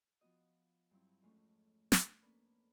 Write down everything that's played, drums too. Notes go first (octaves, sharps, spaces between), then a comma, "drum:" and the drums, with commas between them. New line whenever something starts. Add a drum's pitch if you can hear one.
F3 B3 F#4 D#5
G2 F#3 C4 E4
F2 G#2 G#3 A3 C#4
drum: snare
A#3 B3 C#4 D4 A4 B4